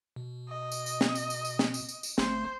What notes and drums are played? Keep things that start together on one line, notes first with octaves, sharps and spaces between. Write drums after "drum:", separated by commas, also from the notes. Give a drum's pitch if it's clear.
B2
D#5
drum: tambourine
drum: tambourine
drum: snare
drum: tambourine
drum: tambourine
drum: tambourine
drum: snare
drum: tambourine
drum: tambourine
drum: tambourine
G1 A3 C5, drum: snare